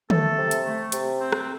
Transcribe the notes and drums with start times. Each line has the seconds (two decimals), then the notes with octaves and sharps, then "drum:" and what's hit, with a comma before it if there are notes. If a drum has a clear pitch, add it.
0.10 A3 A4, drum: tom
0.38 C3
0.51 drum: hi-hat
0.65 A3
0.92 C3, drum: hi-hat
1.19 C4
1.32 drum: rim click